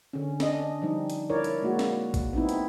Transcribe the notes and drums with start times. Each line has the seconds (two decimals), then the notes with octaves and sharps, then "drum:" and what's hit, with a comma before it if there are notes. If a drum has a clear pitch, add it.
0.13 D3 C#4
0.40 C#4 D4 D#5, drum: snare
0.82 F3 G3 D#4
1.10 drum: hi-hat
1.30 E4 A#4 C#5 D5
1.44 drum: hi-hat
1.61 G#3 A#3 F#4
1.79 drum: snare
2.14 drum: kick A1, hi-hat
2.33 B3 C4 D#4 E4
2.49 drum: hi-hat